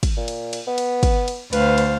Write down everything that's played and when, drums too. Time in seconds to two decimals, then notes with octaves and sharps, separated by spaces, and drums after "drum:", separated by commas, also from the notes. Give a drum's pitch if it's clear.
0.03 drum: kick, cymbal
0.17 A#2
0.28 drum: cymbal
0.53 drum: cymbal
0.67 B3
0.78 drum: cymbal
1.03 drum: kick, cymbal
1.28 drum: cymbal
1.53 D2 B4 C5 F5, drum: cymbal
1.78 drum: cymbal